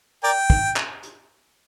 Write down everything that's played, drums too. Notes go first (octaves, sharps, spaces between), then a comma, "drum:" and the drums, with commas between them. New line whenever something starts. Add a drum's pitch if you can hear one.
A#4 D5 G5
drum: kick
drum: clap
drum: hi-hat